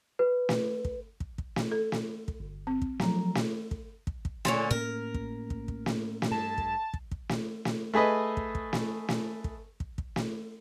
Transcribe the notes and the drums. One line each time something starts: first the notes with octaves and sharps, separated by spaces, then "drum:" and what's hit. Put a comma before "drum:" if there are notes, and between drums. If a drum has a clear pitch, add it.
B4
drum: snare
drum: kick
drum: kick
drum: kick
drum: snare
A4
drum: snare
drum: kick
G1
C4
drum: kick
F3 F#3 A#5, drum: snare
drum: snare
drum: kick
drum: kick
drum: kick
A#2 D3 C#4, drum: snare
A2 A#3 C#4 A#4
drum: kick
drum: kick
drum: kick
drum: snare
drum: snare
G2 A5
drum: kick
drum: kick
drum: kick
drum: snare
drum: snare
A3 G#4 B4 D#5
drum: kick
drum: kick
drum: snare
drum: snare
drum: kick
drum: kick
drum: kick
drum: snare